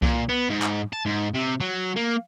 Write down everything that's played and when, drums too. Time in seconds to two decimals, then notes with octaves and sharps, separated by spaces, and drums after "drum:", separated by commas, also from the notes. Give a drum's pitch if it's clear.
0.02 A#2, drum: kick C2
0.29 B3
0.50 G#2
0.62 drum: clap
0.93 A5
1.06 G#2
1.34 C3
1.61 F#3
1.96 A#3